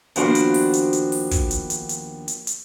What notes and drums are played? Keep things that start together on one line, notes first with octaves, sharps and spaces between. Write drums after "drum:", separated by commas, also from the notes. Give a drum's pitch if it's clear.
D#2 F3 B3 D4 F#4 C5, drum: hi-hat
drum: hi-hat
drum: open hi-hat
drum: hi-hat
drum: hi-hat
drum: open hi-hat
drum: kick, hi-hat
drum: hi-hat
drum: hi-hat
drum: hi-hat
drum: hi-hat
drum: hi-hat